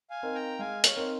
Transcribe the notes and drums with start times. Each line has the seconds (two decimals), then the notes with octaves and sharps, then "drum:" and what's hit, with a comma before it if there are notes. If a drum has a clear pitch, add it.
0.10 F5 G#5
0.23 C4 D#4 A#4
0.35 G5 A#5
0.59 G#3 F5 G#5
0.84 C#5 F5, drum: hi-hat
0.96 C4 D#4 A#4